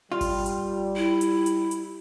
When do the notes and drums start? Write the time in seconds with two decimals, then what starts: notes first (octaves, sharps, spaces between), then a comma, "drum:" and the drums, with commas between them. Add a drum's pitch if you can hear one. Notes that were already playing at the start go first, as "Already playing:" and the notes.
0.12 G3 F4
0.21 drum: kick G#1, open hi-hat
0.46 drum: hi-hat
0.96 E4
1.21 drum: hi-hat
1.46 drum: hi-hat
1.71 drum: hi-hat